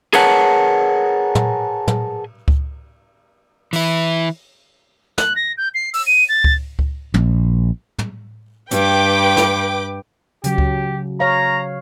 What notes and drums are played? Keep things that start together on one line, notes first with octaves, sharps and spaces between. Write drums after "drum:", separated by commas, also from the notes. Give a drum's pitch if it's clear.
G#4 A#4 B4 C#5 F#5 A5, drum: cymbal
drum: tom
drum: tom
drum: kick C#2
E3 E4, drum: open hi-hat
F#6, drum: snare
A#6
G6
C7
E6, drum: open hi-hat
D#7
A6
drum: kick C#2
drum: kick C#2
A#1, drum: tom
drum: tom
G2 B4 G5 D6, drum: hi-hat
drum: snare
C#3 F#3 G4, drum: hi-hat
drum: kick C#2
C#5 F5 A#5